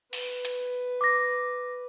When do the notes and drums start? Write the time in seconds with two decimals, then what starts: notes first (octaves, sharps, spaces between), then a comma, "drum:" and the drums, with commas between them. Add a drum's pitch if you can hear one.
0.13 B4, drum: open hi-hat
0.45 drum: hi-hat
1.01 D6 A#6